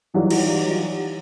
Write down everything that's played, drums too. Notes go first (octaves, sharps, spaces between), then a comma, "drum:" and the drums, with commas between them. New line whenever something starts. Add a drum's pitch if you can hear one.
D#3 E3 F#3 G3 D#4 F4
drum: cymbal